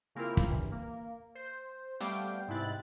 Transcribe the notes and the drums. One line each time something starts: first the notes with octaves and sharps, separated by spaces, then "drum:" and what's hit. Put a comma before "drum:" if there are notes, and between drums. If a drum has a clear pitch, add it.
C#3 A#3 C4 E4 F4 A#4
drum: kick
G2 E3
A#3
C5
G3 A3 B3 G4 F5 G5, drum: hi-hat
G#2 C3 C4 E4 F#6 A6